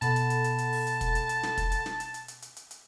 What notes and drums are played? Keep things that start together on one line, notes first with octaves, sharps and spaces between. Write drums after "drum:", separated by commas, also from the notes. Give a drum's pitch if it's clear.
B2 A4 F#5 A5 B5, drum: hi-hat
drum: hi-hat
drum: hi-hat
drum: hi-hat
drum: hi-hat
drum: open hi-hat
drum: hi-hat
drum: kick, hi-hat
drum: hi-hat
drum: hi-hat
drum: snare
drum: kick, hi-hat
drum: hi-hat
drum: snare
drum: hi-hat
drum: hi-hat
drum: hi-hat
drum: hi-hat
drum: hi-hat
drum: hi-hat